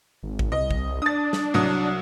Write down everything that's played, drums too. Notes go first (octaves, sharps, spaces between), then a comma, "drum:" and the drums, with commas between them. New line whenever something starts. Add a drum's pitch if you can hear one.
G#1
drum: kick A1
C2 D#5
drum: kick A1
D4 D#6 A6
drum: snare
C2 F#3 D#6